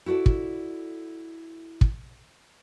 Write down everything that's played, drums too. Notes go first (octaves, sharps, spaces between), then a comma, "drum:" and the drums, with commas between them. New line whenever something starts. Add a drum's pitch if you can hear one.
E4 F#4 A4 D5
drum: kick
drum: kick